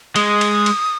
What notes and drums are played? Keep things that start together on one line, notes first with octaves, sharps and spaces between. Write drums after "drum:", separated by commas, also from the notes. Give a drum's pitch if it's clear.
G#3 D#6, drum: cymbal
drum: cymbal
drum: cymbal